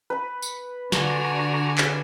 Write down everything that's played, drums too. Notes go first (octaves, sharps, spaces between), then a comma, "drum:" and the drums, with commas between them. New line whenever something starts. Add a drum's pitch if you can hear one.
B4 B5
drum: tambourine
D3 D4 F#4 G#5 A#5, drum: snare
drum: clap